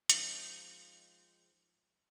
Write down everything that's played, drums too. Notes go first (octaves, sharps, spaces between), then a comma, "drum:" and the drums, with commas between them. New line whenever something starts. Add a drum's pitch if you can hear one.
F3 G#3 C4 D#4, drum: hi-hat